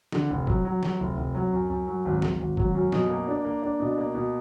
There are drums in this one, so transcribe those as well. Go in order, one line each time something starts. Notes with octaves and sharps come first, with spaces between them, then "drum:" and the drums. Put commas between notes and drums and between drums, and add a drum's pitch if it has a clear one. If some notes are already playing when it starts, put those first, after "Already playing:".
D3, drum: snare
F1
F#3, drum: kick
F#3
F#3, drum: snare
F1
F1
F#3
F#2
F#2
F#3
G#1
G#1, drum: snare
G#1
F#3, drum: kick
F#2
B2, drum: snare
A#3
D4
A#3
D4
B2
A#3
B2